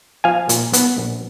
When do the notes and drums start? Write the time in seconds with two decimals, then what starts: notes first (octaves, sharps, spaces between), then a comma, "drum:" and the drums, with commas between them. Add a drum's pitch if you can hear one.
0.24 F3 F5 G#5
0.49 A#2, drum: hi-hat
0.73 B3, drum: hi-hat
0.98 A#1